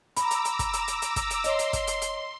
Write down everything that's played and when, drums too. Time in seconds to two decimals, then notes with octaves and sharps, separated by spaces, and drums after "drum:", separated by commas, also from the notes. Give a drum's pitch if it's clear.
0.17 A#5 B5 D6 E6, drum: hi-hat
0.31 drum: hi-hat
0.45 drum: hi-hat
0.59 drum: kick, hi-hat
0.73 drum: hi-hat
0.88 drum: hi-hat
1.02 drum: hi-hat
1.16 drum: kick, hi-hat
1.30 drum: hi-hat
1.44 C#5 D#5 C6, drum: hi-hat
1.59 drum: hi-hat
1.73 drum: kick, hi-hat
1.87 drum: hi-hat
2.02 drum: hi-hat